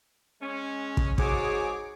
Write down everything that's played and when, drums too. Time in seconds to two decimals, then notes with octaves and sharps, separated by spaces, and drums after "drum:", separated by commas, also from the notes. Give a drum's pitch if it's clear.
0.40 G#3 C#4
0.97 drum: kick
1.18 G#2 F#4 G#4 C#5 D6, drum: kick